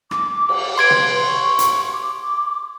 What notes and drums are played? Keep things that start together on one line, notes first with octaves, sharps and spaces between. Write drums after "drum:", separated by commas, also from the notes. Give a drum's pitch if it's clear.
D6, drum: rim click
drum: cymbal
B4 C6 G#6 D7
drum: tom
C#6
drum: hi-hat
D6